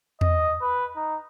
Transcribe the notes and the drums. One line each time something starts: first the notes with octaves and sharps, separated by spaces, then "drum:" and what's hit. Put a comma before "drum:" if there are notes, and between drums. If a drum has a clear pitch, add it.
D#5, drum: tom E2
B4
D#4